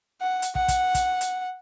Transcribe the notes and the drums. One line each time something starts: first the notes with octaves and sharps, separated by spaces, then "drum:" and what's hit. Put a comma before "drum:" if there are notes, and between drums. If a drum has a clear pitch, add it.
F#5
drum: hi-hat
F#5, drum: kick
drum: kick, hi-hat
drum: kick, hi-hat
drum: hi-hat